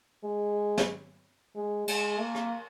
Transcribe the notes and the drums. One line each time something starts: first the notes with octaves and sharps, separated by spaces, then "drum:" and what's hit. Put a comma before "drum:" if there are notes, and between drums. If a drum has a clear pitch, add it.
G#3
drum: snare
G#3
G#3, drum: cymbal
A#3
drum: rim click